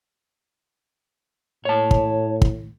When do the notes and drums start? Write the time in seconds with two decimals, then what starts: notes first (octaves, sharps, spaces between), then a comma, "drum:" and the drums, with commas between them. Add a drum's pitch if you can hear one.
1.65 A2 C#5 A5
1.91 drum: kick
2.42 drum: kick